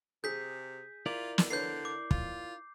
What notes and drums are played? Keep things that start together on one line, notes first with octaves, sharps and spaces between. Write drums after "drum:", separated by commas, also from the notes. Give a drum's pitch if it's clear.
C3 G#4 G6 B6
E4 F4 A#4 D5
drum: snare
D3 D4 B4 C#5 G6 C7
D6
F4, drum: kick